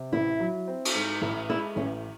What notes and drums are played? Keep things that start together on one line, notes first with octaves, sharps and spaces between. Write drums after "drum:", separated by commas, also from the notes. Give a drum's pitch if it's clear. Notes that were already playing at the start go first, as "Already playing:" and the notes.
Already playing: C3
A1 E4
F#3
C4
drum: cymbal
G#2
A1 E4
G#3 E4
A1 C#4